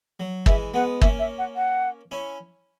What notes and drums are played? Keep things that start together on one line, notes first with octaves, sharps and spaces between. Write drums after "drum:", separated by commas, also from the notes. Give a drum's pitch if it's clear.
F#3
E3 G#3 E5, drum: kick
G#3 B3 F#5
A#3 C#4 E5, drum: kick
E5
F#5
F#5
C#4 E4